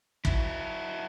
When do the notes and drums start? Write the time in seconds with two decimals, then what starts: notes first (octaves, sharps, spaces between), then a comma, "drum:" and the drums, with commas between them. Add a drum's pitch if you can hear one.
0.25 F#3 E4, drum: kick